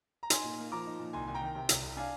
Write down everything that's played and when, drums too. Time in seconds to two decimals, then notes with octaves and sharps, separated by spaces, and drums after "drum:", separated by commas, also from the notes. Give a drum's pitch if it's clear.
0.23 A#5
0.30 D#4 G#5 C6, drum: hi-hat
0.44 A#2
0.58 A#3
0.72 F3 A#5 D6
0.86 D#4
0.99 A#2
1.13 C2 G#5 C6
1.27 C2 G#5
1.34 G5 A#5
1.41 D#3
1.55 C3
1.69 C2, drum: hi-hat
1.83 C2
1.97 D4 F5 G#5